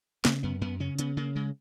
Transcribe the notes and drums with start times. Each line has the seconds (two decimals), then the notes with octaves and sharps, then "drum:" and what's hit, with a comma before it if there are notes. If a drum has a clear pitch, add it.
0.25 C#3 B3, drum: snare
0.43 F#2 B3
0.61 F#2 B3
0.80 C#3 C#4
0.99 C#3 B3, drum: hi-hat
1.17 C#3 A#3
1.35 C#3 G#3